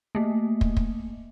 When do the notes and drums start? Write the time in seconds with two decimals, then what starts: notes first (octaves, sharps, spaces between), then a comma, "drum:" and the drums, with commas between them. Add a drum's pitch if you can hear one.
0.15 A3 A#3
0.61 drum: kick
0.77 drum: kick